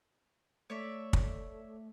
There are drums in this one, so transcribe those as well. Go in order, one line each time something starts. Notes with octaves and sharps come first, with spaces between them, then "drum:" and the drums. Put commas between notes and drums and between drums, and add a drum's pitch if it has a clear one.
A3 C#5 D5 E5
drum: kick